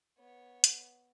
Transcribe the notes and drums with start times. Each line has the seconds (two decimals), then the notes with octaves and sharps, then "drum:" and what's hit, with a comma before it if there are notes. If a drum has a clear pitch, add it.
0.18 B3 C#5
0.64 drum: hi-hat